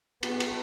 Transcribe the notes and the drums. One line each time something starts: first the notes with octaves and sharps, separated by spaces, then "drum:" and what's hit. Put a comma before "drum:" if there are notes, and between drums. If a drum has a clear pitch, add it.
B3, drum: cymbal
drum: cymbal